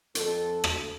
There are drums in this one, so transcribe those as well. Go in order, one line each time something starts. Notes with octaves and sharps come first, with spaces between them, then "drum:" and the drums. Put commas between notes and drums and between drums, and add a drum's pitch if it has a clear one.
F2 A4, drum: hi-hat
drum: rim click